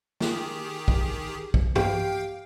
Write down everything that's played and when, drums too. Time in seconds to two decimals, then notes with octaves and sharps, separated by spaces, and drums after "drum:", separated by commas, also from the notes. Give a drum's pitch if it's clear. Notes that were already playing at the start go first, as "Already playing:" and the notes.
0.20 D#3 G4 G#4, drum: snare
0.88 drum: kick
1.54 drum: kick
1.76 G4 F5 G5, drum: tom